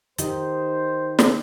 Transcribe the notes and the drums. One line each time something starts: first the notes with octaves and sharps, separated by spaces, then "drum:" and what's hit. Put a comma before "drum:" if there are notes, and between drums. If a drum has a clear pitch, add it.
D#3 D#4 G4 C5, drum: hi-hat
drum: snare